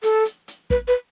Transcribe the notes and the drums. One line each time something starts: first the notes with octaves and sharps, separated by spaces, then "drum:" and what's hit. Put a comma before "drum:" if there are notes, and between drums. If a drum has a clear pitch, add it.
A4, drum: hi-hat
drum: hi-hat
drum: hi-hat
B4, drum: kick
B4